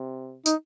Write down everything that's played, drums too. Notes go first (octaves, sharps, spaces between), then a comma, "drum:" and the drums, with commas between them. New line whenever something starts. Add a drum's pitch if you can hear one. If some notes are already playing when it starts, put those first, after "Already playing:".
Already playing: C3
D#4, drum: tambourine